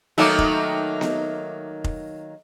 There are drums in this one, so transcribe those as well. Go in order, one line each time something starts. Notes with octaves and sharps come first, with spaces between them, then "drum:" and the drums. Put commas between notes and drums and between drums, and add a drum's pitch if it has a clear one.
D#3 F#3 A3 A#3 D#4 E5 A5 D6
drum: kick F1
drum: snare B3
drum: kick F1